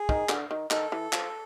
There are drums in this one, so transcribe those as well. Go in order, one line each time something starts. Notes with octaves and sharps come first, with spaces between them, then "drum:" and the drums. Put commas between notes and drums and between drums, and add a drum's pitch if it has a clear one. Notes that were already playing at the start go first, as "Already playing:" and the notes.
Already playing: G#4
D#3, drum: kick
D3, drum: clap
D#3
D#3 A4, drum: clap
E3
F3, drum: clap